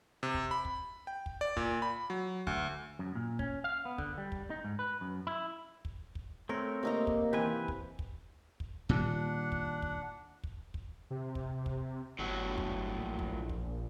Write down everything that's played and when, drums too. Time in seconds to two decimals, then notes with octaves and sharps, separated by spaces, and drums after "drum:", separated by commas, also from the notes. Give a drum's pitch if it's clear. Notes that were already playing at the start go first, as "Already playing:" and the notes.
0.23 C3
0.34 drum: kick
0.51 B5
0.65 drum: kick
1.07 G5
1.26 drum: kick
1.41 D5
1.57 A#2, drum: kick
1.82 B5
2.10 F#3
2.47 D2, drum: kick
2.99 F#2
3.15 A#2
3.39 C#4, drum: kick
3.64 F5
3.85 B3
3.98 D3, drum: kick
4.18 G3
4.32 drum: kick
4.50 D#4
4.65 G#2
4.79 B4
5.01 F#2
5.27 E4
5.85 drum: kick
6.15 drum: kick
6.49 A3 C4 A#4 C#5
6.83 C3 A#3 D#4 A#5
7.07 drum: kick
7.33 E3 C4 G4 B4 G#5
7.68 drum: kick
7.99 drum: kick
8.60 drum: kick
8.89 A#2 D#3 G3 D4 F#5, drum: kick
9.52 drum: kick
9.82 drum: kick
10.44 drum: kick
10.74 drum: kick
11.11 C3
11.35 drum: kick
11.66 drum: kick
12.19 G1 A2 F#3
12.58 drum: kick
12.98 A#1
13.19 drum: kick
13.49 drum: kick